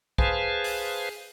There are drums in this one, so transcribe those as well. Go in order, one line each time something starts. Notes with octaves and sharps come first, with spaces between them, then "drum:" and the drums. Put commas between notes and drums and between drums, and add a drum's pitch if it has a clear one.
G#4 B4 C5 F5 G#5 A5, drum: kick B1
drum: open hi-hat